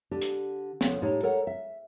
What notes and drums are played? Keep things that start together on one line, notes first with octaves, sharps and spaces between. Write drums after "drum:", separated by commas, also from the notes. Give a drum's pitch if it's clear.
D3 D4 G4
drum: hi-hat
F3 B3 C#4 A4, drum: snare
A2 D#4 G4 C#5
A4 A#4 C#5 F#5
E5